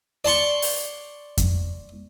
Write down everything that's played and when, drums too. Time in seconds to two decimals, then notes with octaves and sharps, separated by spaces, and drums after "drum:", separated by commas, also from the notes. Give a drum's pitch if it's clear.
0.25 D5 A5 C6 C#6
0.62 drum: open hi-hat
1.38 drum: kick F2, hi-hat